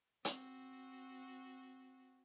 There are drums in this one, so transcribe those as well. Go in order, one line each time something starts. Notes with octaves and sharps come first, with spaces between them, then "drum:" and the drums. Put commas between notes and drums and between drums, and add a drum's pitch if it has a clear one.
C4 F#4, drum: hi-hat